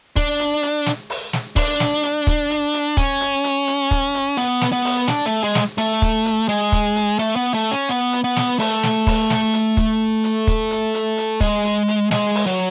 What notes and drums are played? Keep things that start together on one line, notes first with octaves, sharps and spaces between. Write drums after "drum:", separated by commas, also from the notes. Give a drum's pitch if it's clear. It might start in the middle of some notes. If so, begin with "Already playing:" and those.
D4, drum: kick, hi-hat
drum: hi-hat
drum: hi-hat
drum: snare
drum: open hi-hat
drum: snare
D4, drum: kick, open hi-hat
drum: snare
drum: hi-hat
drum: kick, hi-hat
drum: hi-hat
drum: hi-hat
C#4, drum: kick, hi-hat
drum: hi-hat
drum: hi-hat
drum: hi-hat
drum: kick, hi-hat
drum: hi-hat
B3, drum: hi-hat
drum: snare
B3
drum: open hi-hat
D4, drum: snare
A3
G#3
drum: snare
A3, drum: hi-hat
drum: kick, hi-hat
drum: hi-hat
G#3, drum: hi-hat
drum: kick, hi-hat
drum: hi-hat
A3, drum: hi-hat
B3
A3
C#4
B3
drum: hi-hat
B3
drum: snare
A3, drum: open hi-hat
drum: snare
drum: kick, open hi-hat
drum: snare
drum: hi-hat
drum: kick, hi-hat
drum: hi-hat
drum: kick, hi-hat
drum: hi-hat
drum: hi-hat
drum: hi-hat
G#3, drum: kick, hi-hat
drum: hi-hat
drum: hi-hat
G#3, drum: snare
drum: open hi-hat
F#3